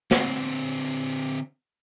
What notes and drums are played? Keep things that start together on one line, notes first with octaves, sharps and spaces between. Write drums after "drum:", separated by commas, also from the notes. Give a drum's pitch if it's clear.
D3 C4, drum: snare